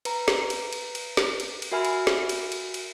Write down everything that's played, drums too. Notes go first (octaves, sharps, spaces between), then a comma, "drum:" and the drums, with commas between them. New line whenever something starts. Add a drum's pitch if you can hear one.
B4 A#5, drum: cymbal
drum: snare
drum: cymbal
drum: cymbal
drum: cymbal
drum: snare
drum: cymbal
drum: cymbal
F#4 A#4 E5 G#5 B5 F6
drum: cymbal
drum: snare
drum: cymbal
drum: cymbal
drum: cymbal